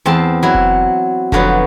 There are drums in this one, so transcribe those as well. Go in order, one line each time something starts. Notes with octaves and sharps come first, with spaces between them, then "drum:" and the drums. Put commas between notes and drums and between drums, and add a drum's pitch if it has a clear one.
E2 C4 A5 C6
F#3 E4
drum: kick F1
D3 F3 F#3 B3, drum: kick F1